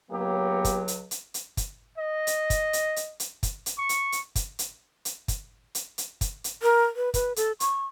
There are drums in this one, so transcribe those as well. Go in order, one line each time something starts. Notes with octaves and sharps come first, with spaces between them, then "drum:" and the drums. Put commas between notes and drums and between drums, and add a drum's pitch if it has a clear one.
C#2 F#3 A#3 B3 G4
drum: kick, hi-hat
drum: hi-hat
drum: hi-hat
drum: hi-hat
drum: kick, hi-hat
D#5
drum: hi-hat
drum: kick, hi-hat
drum: hi-hat
drum: hi-hat
drum: hi-hat
drum: kick, hi-hat
drum: hi-hat
C#6
drum: hi-hat
drum: hi-hat
drum: kick, hi-hat
drum: hi-hat
drum: hi-hat
drum: kick, hi-hat
drum: hi-hat
drum: hi-hat
drum: kick, hi-hat
drum: hi-hat
A#4
B4
B4, drum: kick, hi-hat
A4, drum: hi-hat
C#6, drum: hi-hat